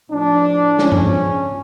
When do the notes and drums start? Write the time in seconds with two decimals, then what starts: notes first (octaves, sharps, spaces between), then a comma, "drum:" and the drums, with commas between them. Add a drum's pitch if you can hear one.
0.10 A2 F3 D4
0.79 C#3 F3 C#4, drum: snare
0.92 drum: tom G2